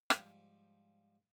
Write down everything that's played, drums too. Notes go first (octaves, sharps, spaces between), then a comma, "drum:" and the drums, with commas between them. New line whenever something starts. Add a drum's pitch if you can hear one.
G#2 F3 G3, drum: rim click